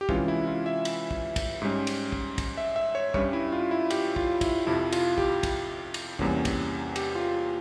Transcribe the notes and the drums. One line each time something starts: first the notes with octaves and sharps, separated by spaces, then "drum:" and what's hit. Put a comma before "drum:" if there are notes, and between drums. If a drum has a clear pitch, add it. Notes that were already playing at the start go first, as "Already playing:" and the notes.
G4
C3 E3 G#3 C#4 F4, drum: kick
E4
F4
E5
drum: cymbal
drum: kick
drum: kick, cymbal
G#2 G3 C#4
drum: cymbal
drum: kick
drum: kick, cymbal
E5
E5
C#5
G2 G3 C#4 C#5, drum: kick
E4
F4
E4
G4, drum: cymbal
F4, drum: kick
E4, drum: kick, cymbal
F2 C3 F3 E4
F4, drum: cymbal
G4, drum: kick
drum: kick, cymbal
drum: cymbal
E2 C3 G3 A#3 C#4, drum: kick
drum: kick, cymbal
G4, drum: cymbal
F4